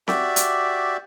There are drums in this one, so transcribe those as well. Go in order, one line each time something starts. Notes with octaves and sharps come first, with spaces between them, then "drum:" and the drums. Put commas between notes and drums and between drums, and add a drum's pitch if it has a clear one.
F#4 G4 D5 E5, drum: snare C4
drum: hi-hat